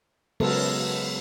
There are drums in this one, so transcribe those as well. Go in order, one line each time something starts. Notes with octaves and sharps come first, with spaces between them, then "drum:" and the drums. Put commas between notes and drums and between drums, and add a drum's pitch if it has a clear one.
C#3 F#3 G#3 B3 A4 A#4, drum: cymbal